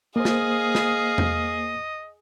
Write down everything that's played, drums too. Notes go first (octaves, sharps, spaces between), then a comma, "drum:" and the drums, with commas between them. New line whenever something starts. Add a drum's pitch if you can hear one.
A#3 G#4 C5 D#5 F5
drum: snare
drum: snare
drum: tom E2